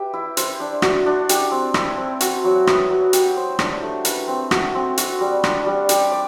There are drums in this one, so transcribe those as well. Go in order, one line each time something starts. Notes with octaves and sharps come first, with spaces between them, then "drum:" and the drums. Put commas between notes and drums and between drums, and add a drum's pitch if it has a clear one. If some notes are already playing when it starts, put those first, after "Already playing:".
Already playing: G4 B4 E5
E4
C5, drum: hi-hat
D4
F#4, drum: rim click
D4
G4, drum: hi-hat
C4
E4, drum: rim click
C4
F#4, drum: hi-hat
F#3
B3, drum: rim click
F#3
G4, drum: hi-hat
C5
D4, drum: rim click
A3
B4, drum: hi-hat
C4
F#4, drum: rim click
C4
F#4, drum: hi-hat
G3
D4, drum: rim click
G3
G4, drum: hi-hat
D5